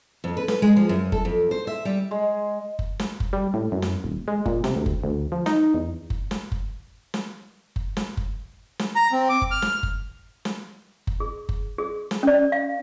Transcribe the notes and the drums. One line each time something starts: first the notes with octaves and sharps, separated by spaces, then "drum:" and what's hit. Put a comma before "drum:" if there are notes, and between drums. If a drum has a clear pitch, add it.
F2
B4
B4, drum: snare
G#3
F3
F#2
A4, drum: kick F#1
F2
C5
E5
G3
G#3
drum: kick F#1
drum: snare
drum: kick F#1
G3
A2
F#2
drum: snare
D#1
G#3
A#2, drum: kick F#1
C3, drum: snare
D2
drum: kick F#1
D2
F3
D#4, drum: snare
E2
drum: kick F#1
drum: snare
drum: kick F#1
drum: snare
drum: kick F#1
drum: snare
drum: kick F#1
drum: snare
A#5
C4
D6
drum: kick F#1
F6
drum: snare
drum: kick F#1
drum: snare
drum: kick F#1
G#4
drum: kick F#1
G#4
drum: snare
C#4 D5
F5